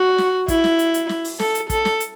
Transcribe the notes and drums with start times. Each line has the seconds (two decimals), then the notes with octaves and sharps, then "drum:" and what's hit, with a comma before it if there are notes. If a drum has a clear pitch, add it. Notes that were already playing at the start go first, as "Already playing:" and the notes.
Already playing: F#4
0.18 drum: snare
0.48 E4, drum: kick, hi-hat
0.64 drum: snare
0.79 drum: hi-hat
0.94 drum: hi-hat
1.09 drum: snare
1.24 drum: open hi-hat
1.39 A4, drum: snare
1.55 drum: hi-hat
1.70 A4, drum: kick, hi-hat
1.85 drum: snare
2.00 drum: hi-hat